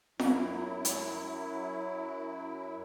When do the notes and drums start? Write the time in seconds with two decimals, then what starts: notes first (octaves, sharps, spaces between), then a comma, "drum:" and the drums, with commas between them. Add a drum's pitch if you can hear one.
0.19 F#2 F#3 E4, drum: snare F4
0.85 drum: hi-hat